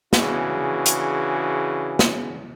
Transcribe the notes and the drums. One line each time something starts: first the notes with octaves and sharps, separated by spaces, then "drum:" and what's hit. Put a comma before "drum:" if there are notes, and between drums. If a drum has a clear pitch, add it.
C#3 E3 D4 F#4 G#4, drum: snare
drum: hi-hat
drum: snare